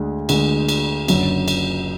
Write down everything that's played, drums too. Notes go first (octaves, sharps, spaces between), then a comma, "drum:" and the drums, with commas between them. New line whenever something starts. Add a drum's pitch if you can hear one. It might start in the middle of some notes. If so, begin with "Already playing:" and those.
Already playing: D2 D3 G#3
D2 D3 G#3, drum: cymbal
drum: cymbal
F#1 F#2 D3 F#3, drum: cymbal
drum: cymbal